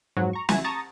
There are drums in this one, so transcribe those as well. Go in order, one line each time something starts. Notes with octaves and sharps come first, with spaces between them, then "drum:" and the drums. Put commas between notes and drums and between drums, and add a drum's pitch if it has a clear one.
F2 G#2 F#3 F#4
A#5 C#6
C#2 E3 F#4 E5 G#5 G#6, drum: snare
A5 A#5 C#6 D#6 A6